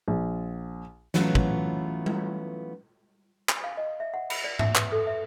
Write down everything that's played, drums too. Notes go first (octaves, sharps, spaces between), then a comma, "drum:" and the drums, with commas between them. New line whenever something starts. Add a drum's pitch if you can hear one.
A#1
E3 F#3 A3 B3 C#4 F4, drum: snare
drum: kick
drum: tom G3
drum: clap
F5
D#5
E5
F#5
B5, drum: cymbal
D5
E5, drum: tom G#2
B4, drum: clap
A4
E5